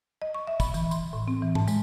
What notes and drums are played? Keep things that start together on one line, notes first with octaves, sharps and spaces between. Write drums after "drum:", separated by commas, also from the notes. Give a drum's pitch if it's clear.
D#5
C#6
E5
B5, drum: kick, tambourine
E3, drum: tambourine
C6, drum: tambourine
A2
C4
E3
A5, drum: tom G#2
G#3, drum: tambourine